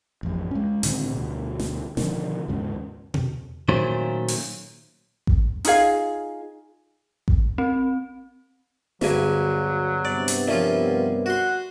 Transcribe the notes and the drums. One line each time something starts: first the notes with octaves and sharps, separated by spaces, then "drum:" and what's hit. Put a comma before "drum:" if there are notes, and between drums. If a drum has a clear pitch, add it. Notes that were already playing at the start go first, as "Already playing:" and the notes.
A1 F2
G#3 C#4
A2 D3 D#3 C4, drum: hi-hat
D2 B2
drum: snare
B2 D3 D#3 F3, drum: snare
D#2 G#2 C#3
drum: tom B2
A#2 D#3 F#3 A3 C#4 C5
drum: open hi-hat
drum: kick A1
D#4 F4 G#4 F5, drum: hi-hat
drum: kick A1
C4
D2 G2 F#3 B3 G#4 D5 G#5, drum: snare
G2 C3 B3 D5
drum: hi-hat
F3 C#4 F4 A#4 D5 E5
F#4 F#5 C6